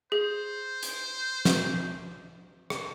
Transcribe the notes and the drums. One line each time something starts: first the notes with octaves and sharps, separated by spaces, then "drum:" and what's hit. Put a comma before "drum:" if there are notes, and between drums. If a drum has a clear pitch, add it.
G#4 C5
drum: hi-hat
drum: snare
drum: rim click